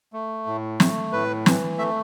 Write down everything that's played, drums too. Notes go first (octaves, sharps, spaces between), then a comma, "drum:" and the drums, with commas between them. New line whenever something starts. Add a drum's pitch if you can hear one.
A3
A2
A3, drum: snare
A2 B4
E3, drum: snare
A3 E5